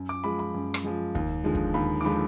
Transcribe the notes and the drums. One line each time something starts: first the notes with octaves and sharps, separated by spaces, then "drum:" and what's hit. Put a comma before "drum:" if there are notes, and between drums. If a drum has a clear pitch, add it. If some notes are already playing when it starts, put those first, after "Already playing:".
Already playing: F#2
D6
F3 G#3 B5
B5
F#2
drum: rim click
F3 G#3
D#2, drum: kick
D3 F3 G#3
drum: kick
D#2 B5
D6
D3 F3 G#3 B5